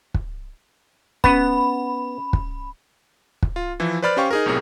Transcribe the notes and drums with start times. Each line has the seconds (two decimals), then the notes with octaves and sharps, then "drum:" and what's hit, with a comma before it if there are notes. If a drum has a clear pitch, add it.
0.14 drum: kick
1.24 B3 C#4 B5, drum: kick
2.33 drum: kick
3.42 drum: kick
3.56 F4
3.80 E3 F3 E4
4.02 B4 C5 D5 B5 F6 A6
4.17 C#4 G4 C5 F5 G5 C#6
4.31 D#4 G#4 A#4
4.46 B1 A2 C3 G#4 A#4